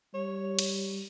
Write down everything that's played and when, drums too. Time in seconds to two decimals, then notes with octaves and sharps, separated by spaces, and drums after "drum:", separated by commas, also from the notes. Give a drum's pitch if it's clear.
0.14 G3 C#5
0.59 drum: cymbal